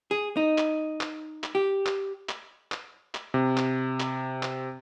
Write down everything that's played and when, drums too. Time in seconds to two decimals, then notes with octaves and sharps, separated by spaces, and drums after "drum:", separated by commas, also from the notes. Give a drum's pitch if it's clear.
0.11 G#4
0.37 D#4
0.58 drum: clap
1.01 drum: clap
1.44 drum: clap
1.55 G4
1.86 drum: clap
2.29 drum: clap
2.72 drum: clap
3.15 drum: clap
3.34 C3
3.57 drum: clap
4.00 drum: clap
4.43 drum: clap